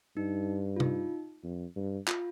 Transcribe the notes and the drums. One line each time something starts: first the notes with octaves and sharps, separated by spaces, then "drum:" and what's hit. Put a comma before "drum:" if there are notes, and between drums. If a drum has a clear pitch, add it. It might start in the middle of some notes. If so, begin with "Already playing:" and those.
G2 D#4
F4
D#4, drum: tom C3
F2
G2
F4, drum: clap